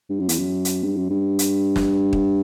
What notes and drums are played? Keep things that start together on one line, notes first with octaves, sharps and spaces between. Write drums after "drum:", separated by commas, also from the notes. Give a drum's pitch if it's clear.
G2
F#2
E2, drum: hi-hat
F#2
drum: hi-hat
G2
F#2
G2
drum: hi-hat
drum: snare
drum: kick